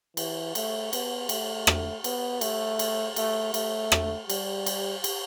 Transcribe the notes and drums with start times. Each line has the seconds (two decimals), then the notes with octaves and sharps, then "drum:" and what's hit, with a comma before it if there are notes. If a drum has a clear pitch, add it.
0.17 E3, drum: cymbal
0.55 A3, drum: cymbal
0.93 B3, drum: cymbal
1.29 A3, drum: cymbal
1.67 drum: rim click
2.04 B3, drum: cymbal
2.41 A3, drum: cymbal
2.79 drum: cymbal
3.16 A3, drum: cymbal
3.54 A3, drum: cymbal
3.92 drum: rim click
4.30 G3, drum: cymbal
4.66 drum: cymbal
5.04 drum: cymbal